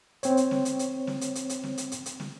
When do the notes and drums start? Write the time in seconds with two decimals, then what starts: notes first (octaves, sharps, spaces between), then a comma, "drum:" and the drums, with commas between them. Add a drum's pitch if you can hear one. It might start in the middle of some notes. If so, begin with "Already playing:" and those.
0.23 C4 C#5, drum: hi-hat
0.37 drum: hi-hat
0.51 drum: snare
0.65 drum: hi-hat
0.79 drum: hi-hat
1.07 drum: snare
1.21 drum: hi-hat
1.35 drum: hi-hat
1.49 drum: hi-hat
1.63 drum: snare
1.78 drum: hi-hat
1.92 drum: hi-hat
2.06 drum: hi-hat
2.20 drum: snare